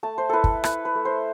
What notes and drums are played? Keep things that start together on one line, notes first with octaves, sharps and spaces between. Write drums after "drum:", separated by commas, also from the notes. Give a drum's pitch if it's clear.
A3 A5
C5
E4 A4 B4
drum: kick
E4 B4, drum: rim click
B4
A3
C5